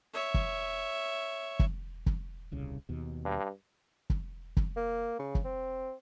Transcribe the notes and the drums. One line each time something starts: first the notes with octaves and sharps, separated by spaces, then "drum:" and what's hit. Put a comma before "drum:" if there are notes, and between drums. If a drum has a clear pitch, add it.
C#5 E5
drum: kick
drum: kick
drum: kick
D#1 C2 C#3
D#2 B2
G2
drum: kick
drum: kick
A#3
C#3
drum: kick
C4